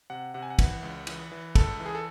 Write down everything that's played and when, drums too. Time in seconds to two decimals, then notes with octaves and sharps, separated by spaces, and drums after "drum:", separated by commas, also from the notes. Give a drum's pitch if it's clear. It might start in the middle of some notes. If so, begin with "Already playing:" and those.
0.10 C3 F#5
0.34 C3 F#5
0.42 G#5
0.50 F#5
0.59 E3, drum: kick, cymbal
0.83 C#2
1.07 E3, drum: cymbal
1.32 E3
1.55 C#2 A4, drum: kick, cymbal
1.80 E3
1.86 G#4
1.95 A4